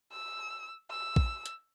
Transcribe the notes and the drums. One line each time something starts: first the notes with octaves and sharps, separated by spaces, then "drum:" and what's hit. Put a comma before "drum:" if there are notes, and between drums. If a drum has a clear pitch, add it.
E6
E6
drum: kick A#1
drum: hi-hat